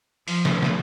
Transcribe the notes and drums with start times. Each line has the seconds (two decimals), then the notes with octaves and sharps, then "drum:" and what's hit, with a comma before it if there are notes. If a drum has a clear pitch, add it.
0.28 F3, drum: open hi-hat
0.45 drum: snare
0.62 drum: snare